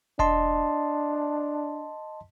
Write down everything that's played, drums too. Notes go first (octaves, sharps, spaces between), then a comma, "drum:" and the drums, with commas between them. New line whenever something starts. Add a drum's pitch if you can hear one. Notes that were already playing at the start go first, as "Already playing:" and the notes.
D4 D#5 A5 C6, drum: kick E1